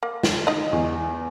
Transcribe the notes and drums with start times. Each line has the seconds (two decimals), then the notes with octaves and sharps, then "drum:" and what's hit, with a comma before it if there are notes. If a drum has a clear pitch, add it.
0.03 A#3
0.23 drum: snare
0.47 D#4 D#5
0.73 E2